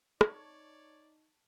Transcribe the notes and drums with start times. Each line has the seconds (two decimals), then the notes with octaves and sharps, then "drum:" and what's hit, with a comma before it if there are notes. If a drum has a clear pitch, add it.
0.21 D#4 C#5 D5 A5 C#6 G#6, drum: rim click